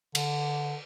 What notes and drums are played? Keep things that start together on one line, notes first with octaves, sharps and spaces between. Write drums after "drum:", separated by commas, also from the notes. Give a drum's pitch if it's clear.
D3, drum: cymbal